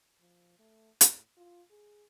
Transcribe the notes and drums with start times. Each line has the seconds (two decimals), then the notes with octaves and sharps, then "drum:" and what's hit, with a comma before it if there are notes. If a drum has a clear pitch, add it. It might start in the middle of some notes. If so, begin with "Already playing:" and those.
0.20 F3
0.59 A3
1.01 A2, drum: hi-hat
1.37 F4
1.70 G#4